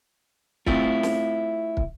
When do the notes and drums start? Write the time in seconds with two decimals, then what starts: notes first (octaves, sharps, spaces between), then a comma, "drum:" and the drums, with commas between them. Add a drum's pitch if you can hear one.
0.67 A3 C4 E4 F4, drum: kick
1.03 drum: snare
1.77 drum: kick